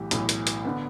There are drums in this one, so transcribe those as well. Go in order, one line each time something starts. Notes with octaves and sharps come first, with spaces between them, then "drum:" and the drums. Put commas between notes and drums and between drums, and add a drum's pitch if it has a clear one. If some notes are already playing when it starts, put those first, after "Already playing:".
Already playing: B1 A2 E3 G4
B1 A2 E3, drum: hi-hat
drum: hi-hat
drum: hi-hat
D3 B3